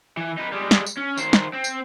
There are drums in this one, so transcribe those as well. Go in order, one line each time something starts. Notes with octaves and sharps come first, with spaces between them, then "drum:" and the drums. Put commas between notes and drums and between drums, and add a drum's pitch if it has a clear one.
E3
D#4 B4
G3 G#3
drum: snare
drum: tambourine
C#4
D#3 C5, drum: tambourine
drum: snare
C4
drum: tambourine